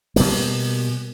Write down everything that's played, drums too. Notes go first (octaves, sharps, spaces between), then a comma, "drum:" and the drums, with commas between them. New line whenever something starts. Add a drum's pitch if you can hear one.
B2 G3 A#3, drum: open hi-hat